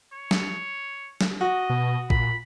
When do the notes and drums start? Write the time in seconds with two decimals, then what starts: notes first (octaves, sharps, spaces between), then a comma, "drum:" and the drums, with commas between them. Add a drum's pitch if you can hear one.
0.13 C#5
0.31 drum: snare
1.21 drum: snare
1.41 F#4 D#5
1.70 B2
2.10 A#2 B5, drum: kick A1